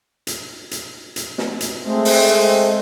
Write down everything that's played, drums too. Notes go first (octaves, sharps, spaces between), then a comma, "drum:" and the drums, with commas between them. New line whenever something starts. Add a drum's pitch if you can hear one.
drum: hi-hat
drum: hi-hat
drum: hi-hat
drum: snare
drum: hi-hat
G#3 A3 C4
drum: open hi-hat